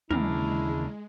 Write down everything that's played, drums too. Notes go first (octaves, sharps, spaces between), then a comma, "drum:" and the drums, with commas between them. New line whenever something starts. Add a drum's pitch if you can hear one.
D#2 C#3 E3 G#3 A#3 D4 E4 A#4, drum: tom